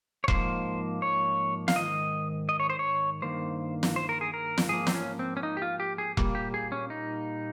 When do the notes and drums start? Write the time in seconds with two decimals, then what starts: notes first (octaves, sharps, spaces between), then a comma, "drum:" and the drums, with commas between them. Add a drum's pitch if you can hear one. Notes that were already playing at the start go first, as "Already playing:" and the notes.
0.24 C#5
0.28 G#2 F3 A#3 C5, drum: kick E1
1.02 C#5
1.68 F5, drum: snare
1.76 G#2 D#3 D#5
2.49 D#5
2.60 C#5
2.70 C5
2.79 C#5
3.22 G2 D#3 A#3 C5
3.83 drum: snare
3.96 C5
4.09 A#4
4.21 G#4
4.34 A#4
4.58 drum: snare
4.69 G#2 F3 A#3 G#4
4.87 C4, drum: snare
4.94 C#4
5.19 C4
5.37 C#4
5.43 D#4
5.57 G4
5.62 F4
5.80 G4
5.98 G#4
6.17 A#2 G3 A#3, drum: kick E1
6.35 G4
6.54 G#4
6.72 C#4
6.90 D#4